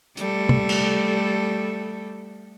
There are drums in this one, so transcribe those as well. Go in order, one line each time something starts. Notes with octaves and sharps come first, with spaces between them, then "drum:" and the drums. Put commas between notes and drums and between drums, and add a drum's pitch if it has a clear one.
G3 A3 A4, drum: hi-hat
drum: tom
drum: cymbal